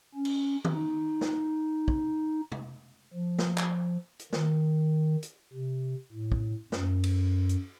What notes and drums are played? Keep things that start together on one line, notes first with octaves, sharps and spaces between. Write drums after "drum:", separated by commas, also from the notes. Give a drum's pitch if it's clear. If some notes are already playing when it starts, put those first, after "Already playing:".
C#4
drum: cymbal
drum: tom D#3
D#4
drum: snare
drum: kick
drum: tom
F3
drum: snare
drum: clap
drum: hi-hat
D#3, drum: snare
drum: hi-hat
C3
A2
drum: kick
F#2, drum: snare
drum: cymbal
drum: hi-hat